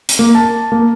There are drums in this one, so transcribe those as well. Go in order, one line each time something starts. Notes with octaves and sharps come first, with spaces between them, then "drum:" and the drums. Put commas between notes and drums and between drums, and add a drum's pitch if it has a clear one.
drum: hi-hat
A#3
A5
A#3